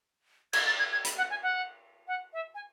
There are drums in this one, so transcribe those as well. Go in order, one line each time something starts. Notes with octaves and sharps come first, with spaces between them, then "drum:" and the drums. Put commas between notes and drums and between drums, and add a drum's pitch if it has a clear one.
G#6, drum: cymbal
A6
G#6
G#6
B5, drum: hi-hat
F#5
G#5
F#5
F#5
E5
G#5